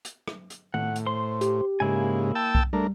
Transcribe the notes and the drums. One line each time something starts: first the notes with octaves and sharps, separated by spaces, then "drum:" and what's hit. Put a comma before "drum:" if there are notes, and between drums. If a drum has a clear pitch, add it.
drum: hi-hat
drum: rim click
drum: hi-hat
A2 F#5, drum: tom D#3
drum: hi-hat
C5 C6
G4, drum: hi-hat
G#2 C#3 A#3 E4 G#5
G5 A5 E6
drum: kick B1
G3 A3 D4 A#4